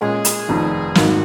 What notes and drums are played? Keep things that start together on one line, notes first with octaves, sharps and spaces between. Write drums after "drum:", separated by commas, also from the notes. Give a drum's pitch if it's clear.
A#2 G#3 C#4 G#4
drum: hi-hat
F1 F2 D#3
G#1 G#2 D#3 A#3 F#4, drum: snare